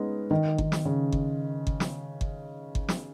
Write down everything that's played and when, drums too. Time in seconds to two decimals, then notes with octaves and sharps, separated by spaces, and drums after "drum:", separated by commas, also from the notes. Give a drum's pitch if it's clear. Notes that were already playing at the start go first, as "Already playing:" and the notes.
Already playing: G#3 B3 C#4 D#4
0.31 D#3
0.58 D#3, drum: kick G1
0.72 drum: snare
0.85 C#3
1.12 drum: kick G1
1.67 drum: kick G1
1.80 drum: snare
2.21 drum: kick G1
2.75 drum: kick G1
2.89 drum: snare